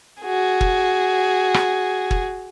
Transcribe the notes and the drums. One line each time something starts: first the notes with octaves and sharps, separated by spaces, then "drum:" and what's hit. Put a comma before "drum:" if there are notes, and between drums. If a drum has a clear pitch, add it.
F#4 G#4
drum: kick
drum: rim click
drum: kick